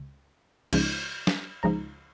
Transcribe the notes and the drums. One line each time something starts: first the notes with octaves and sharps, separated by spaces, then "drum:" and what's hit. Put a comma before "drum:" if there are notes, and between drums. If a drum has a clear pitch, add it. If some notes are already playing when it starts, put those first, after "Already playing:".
Already playing: C#2
C#2 C#3 F3 G#3 D#4, drum: cymbal
drum: snare
C#2 C#3 F3 G#3 D#4 A#5